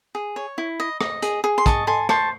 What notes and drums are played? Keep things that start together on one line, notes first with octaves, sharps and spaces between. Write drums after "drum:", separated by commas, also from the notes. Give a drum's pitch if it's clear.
G#4
C#5
E4
D#5
D#5, drum: rim click
G#4, drum: hi-hat
G#4
C6
D#5 A5 C#6, drum: kick, hi-hat
A4 G#5 C6
C5 A5 C#6, drum: rim click